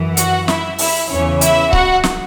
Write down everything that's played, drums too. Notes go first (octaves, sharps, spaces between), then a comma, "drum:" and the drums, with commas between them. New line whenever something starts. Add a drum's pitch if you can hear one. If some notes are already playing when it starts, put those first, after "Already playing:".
Already playing: F#2 E3
F#4 F#5, drum: hi-hat
E4 E5, drum: snare
E4 E5, drum: open hi-hat
E2 C#3 E3 C#4 C#5
E4 E5, drum: hi-hat
F#4 F#5, drum: kick C#1
drum: snare